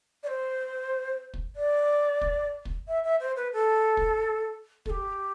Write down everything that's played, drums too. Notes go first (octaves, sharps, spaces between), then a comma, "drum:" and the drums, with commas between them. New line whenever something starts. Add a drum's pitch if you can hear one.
D5
C5
drum: kick
D5
drum: kick
drum: kick
E5
E5
C5
B4
A4
drum: kick
A4, drum: kick
G4